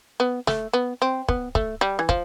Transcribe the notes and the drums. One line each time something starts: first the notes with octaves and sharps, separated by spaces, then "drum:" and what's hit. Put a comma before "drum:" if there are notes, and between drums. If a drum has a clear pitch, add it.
B3
A3, drum: snare
B3
C4
B3, drum: kick
A3, drum: kick
G3
E3
F3, drum: kick